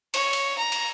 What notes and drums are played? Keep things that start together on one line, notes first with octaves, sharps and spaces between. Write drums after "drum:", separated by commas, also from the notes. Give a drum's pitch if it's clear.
C#5, drum: cymbal
drum: cymbal
A#5
drum: cymbal